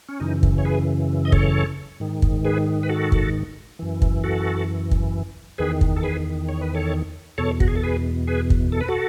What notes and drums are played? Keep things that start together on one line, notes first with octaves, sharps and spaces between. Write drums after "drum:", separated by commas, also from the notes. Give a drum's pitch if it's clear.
C#4
F#2 C#3 E3 D#4
drum: kick
C#5
G#4 B4
D#5
A4 C#5, drum: kick
G#2 D#3
drum: kick
G#4 B4
B4
F#4 A4
drum: kick
F#2 E3
drum: kick
F#4 A4
drum: kick
E2 D#3 G#4 B4
drum: kick
A4
G#4 B4
C#5
B4
A4 C#5
E2 B2 A4 C#5
F#4, drum: kick
G#4
A4
G#4 B4
G#4 B4
drum: kick
A4
B4
F#4 A4